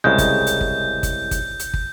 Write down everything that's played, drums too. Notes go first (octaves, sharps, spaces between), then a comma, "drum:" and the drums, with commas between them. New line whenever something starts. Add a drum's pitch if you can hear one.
C2 C#3 G#3 G6
drum: kick, hi-hat
drum: hi-hat
drum: kick
drum: kick, hi-hat
drum: kick, hi-hat
drum: hi-hat
drum: kick